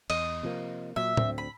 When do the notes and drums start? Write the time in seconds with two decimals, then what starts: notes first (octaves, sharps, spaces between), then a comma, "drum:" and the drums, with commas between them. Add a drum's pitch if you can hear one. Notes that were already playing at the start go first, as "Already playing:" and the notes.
0.10 E2 D#5, drum: cymbal
0.43 C3 F3 A#3
0.96 A#2 F#3 E5
1.17 D2 C4 D4, drum: tom A2
1.38 B5